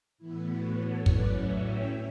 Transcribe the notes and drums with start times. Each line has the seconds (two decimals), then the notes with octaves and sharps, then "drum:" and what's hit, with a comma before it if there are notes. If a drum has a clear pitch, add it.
0.18 A2 E3 B3 E4
0.48 F#4
0.77 A4 C#5
1.06 A2 F#3 C#4 B4 D5, drum: kick
1.36 C#5 E5
1.65 E5 G5